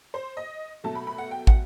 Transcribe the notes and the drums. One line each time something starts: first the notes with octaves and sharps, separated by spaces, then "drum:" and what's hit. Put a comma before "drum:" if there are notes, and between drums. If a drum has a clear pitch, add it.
C5
D#5
B2 F#3 A3 A5
B5
B5
F#5
G5
F#5, drum: kick